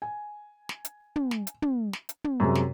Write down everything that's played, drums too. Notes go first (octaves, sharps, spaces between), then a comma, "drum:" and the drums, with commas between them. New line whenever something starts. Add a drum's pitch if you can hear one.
G#5
drum: snare
drum: hi-hat
drum: tom
drum: snare
drum: hi-hat
drum: tom
drum: snare
drum: hi-hat
drum: tom
F#2 C3 G#3
drum: snare